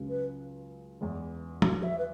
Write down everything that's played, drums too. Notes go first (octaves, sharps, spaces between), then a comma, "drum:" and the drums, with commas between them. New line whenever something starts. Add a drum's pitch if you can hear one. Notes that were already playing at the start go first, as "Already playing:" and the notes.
Already playing: C#2 C#3 F#3
B4
E2 E3 G#3
F#4, drum: tom
E5
B4